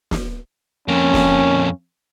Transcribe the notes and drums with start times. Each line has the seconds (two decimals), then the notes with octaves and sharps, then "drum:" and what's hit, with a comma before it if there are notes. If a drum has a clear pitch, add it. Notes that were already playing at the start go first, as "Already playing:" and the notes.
0.11 drum: snare
0.88 F2 A#3 C#4
1.14 drum: snare